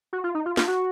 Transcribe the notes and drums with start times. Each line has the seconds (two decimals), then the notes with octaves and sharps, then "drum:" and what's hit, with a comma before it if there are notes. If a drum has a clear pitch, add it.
0.13 F#4
0.24 F4
0.35 D#4
0.46 F4
0.57 F4, drum: snare
0.68 F#4